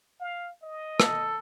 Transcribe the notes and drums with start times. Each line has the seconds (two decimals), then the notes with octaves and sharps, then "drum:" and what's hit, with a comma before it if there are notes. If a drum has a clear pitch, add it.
0.20 F5
0.63 D#5
1.00 A4, drum: rim click